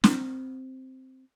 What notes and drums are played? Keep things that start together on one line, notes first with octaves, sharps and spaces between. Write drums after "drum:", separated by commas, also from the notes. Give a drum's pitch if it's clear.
C4, drum: snare